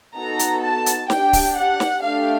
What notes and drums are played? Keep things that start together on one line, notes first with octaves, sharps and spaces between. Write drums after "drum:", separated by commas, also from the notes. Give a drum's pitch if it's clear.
B3 D#4 F#4 A4 A#5
drum: hi-hat
A5
drum: hi-hat
D4 G4 G5, drum: snare
drum: kick C#1, open hi-hat
F#5
drum: snare
A3 D4 G4 F5